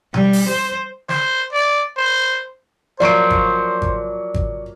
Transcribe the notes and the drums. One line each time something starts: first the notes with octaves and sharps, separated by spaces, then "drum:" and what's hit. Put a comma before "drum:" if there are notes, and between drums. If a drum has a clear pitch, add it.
G3, drum: tom B2
drum: open hi-hat
C5
C5, drum: snare
D5
C5
F3 F#3 A#3 C5 D5 C#6 D7
drum: kick G#1
drum: kick G#1
drum: kick G#1